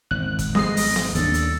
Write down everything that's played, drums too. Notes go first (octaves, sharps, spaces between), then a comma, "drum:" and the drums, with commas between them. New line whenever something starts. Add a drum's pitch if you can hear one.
G#1 F#6
drum: kick, hi-hat
G3 G#3 D#5 C7, drum: snare B3
drum: open hi-hat
drum: snare B3
D#2 A#3 D4 A4, drum: hi-hat
drum: hi-hat